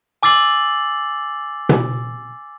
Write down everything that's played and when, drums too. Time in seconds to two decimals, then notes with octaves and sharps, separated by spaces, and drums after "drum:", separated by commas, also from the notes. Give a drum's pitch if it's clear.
0.23 G#5 D6 E6 A6 C7 F#7
1.69 drum: tom B2